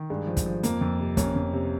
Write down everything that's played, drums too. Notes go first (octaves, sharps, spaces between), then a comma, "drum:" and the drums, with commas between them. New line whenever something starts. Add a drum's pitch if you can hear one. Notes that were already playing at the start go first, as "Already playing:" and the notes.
Already playing: D#3
G2 G#3
F3
drum: kick, hi-hat
F3
F2 A#3, drum: hi-hat
F2
C3
F2 A#3 C#4, drum: kick, hi-hat
F2
C3